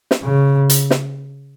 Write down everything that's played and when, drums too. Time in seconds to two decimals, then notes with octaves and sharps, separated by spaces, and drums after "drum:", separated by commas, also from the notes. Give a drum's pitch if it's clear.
0.11 drum: snare
0.23 C#3
0.70 drum: hi-hat
0.91 drum: snare